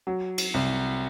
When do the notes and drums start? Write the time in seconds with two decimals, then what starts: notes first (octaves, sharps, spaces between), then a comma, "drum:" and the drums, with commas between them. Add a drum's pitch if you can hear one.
0.07 F#3
0.38 drum: cymbal
0.54 C2